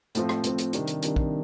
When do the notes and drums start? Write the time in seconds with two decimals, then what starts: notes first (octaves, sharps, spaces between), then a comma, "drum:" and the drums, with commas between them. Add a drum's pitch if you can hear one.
0.15 A2 F3 C4, drum: hi-hat
0.29 drum: rim click
0.44 A2 F3 C4, drum: hi-hat
0.58 drum: hi-hat
0.73 C3 D#3 G3 D4, drum: hi-hat
0.87 drum: hi-hat
1.02 C3 D#3 G3 D4, drum: hi-hat
1.16 drum: kick